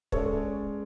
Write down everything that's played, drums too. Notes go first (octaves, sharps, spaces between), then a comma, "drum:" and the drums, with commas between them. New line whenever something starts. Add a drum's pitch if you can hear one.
G#3 C#4 G#4 A4 C#5 D5, drum: kick